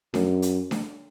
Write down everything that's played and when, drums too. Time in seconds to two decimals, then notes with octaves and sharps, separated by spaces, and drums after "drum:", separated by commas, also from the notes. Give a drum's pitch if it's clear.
0.14 F#2, drum: snare D4
0.42 drum: hi-hat
0.71 drum: snare D4